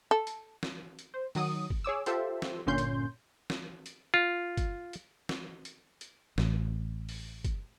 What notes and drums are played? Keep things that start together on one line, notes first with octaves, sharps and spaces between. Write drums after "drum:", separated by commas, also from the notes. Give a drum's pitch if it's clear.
A4
drum: hi-hat
drum: snare
drum: hi-hat
C5
D#3 F#3 D#6, drum: open hi-hat
drum: kick
G#4 C#5 D6 E6
F4 G4 A4 C5 E5, drum: hi-hat
drum: snare
G1 A#2 D3 C#4 C6 G6
drum: hi-hat
drum: snare
drum: hi-hat
F4
drum: kick, hi-hat
drum: hi-hat
drum: snare
drum: hi-hat
drum: hi-hat
A1, drum: snare
drum: open hi-hat
drum: kick, hi-hat